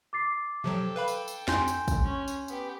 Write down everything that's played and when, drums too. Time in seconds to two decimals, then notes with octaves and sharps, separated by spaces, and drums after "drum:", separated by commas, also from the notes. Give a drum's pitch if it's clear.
0.13 D6 A6 C7
0.64 C3 F3 F#3 A4 G5
0.96 B4 F5 B5
1.08 drum: tambourine
1.28 drum: tambourine
1.48 F2 G#5 C6 G6, drum: snare
1.68 drum: tambourine
1.88 drum: kick, tambourine
2.04 C#4
2.28 drum: tambourine
2.48 B3 G4, drum: tambourine